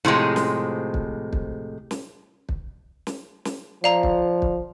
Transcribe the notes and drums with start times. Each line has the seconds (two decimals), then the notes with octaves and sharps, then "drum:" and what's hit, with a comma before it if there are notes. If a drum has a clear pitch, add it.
0.05 A2 C3 F3 G#3
0.36 drum: snare
0.94 drum: kick
1.33 drum: kick
1.91 drum: snare
2.49 drum: kick
3.07 drum: snare
3.45 drum: snare
3.84 F3 D5 F5 A#5
4.03 drum: kick
4.42 drum: kick